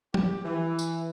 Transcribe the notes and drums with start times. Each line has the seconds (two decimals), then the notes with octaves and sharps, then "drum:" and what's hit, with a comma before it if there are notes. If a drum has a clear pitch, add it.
0.14 G4, drum: tom F3
0.45 E3
0.79 drum: tambourine